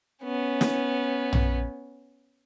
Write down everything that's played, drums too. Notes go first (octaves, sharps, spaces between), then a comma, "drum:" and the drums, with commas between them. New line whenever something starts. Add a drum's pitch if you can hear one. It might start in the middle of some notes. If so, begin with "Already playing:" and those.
B3 C#4
drum: snare
drum: tom A#1